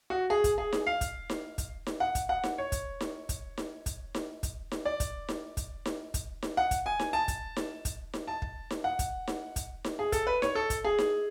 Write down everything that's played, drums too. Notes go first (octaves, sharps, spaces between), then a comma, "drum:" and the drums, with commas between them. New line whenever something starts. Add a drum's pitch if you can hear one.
F#4
G#4
drum: kick, hi-hat
G#4
drum: snare D#4
F5
drum: kick, hi-hat
drum: snare D#4
drum: kick, hi-hat
drum: snare D#4
F#5
drum: kick, hi-hat
F#5
drum: snare D#4
C#5
drum: kick, hi-hat
drum: snare D#4
drum: kick, hi-hat
drum: snare D#4
drum: kick, hi-hat
drum: snare D#4
drum: kick, hi-hat
drum: snare D#4
D5
drum: kick, hi-hat
drum: snare D#4
drum: kick, hi-hat
drum: snare D#4
drum: kick, hi-hat
drum: snare D#4
F#5
drum: kick, hi-hat
G#5
drum: snare D#4
A5
drum: kick, hi-hat
drum: snare D#4
drum: kick, hi-hat
drum: snare D#4
A5
drum: kick
drum: snare D#4
F#5
drum: kick, hi-hat
drum: snare D#4
drum: kick, hi-hat
drum: snare D#4
G#4
A4, drum: kick, hi-hat
B4
C#5, drum: snare D#4
A4
drum: kick, hi-hat
G#4
drum: snare D#4